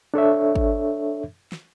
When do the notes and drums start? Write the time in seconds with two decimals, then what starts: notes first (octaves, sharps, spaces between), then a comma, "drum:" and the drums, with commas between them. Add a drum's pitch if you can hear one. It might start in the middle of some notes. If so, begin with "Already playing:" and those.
0.14 D4 A4 C#5 E5
0.56 drum: kick G#1
1.52 drum: snare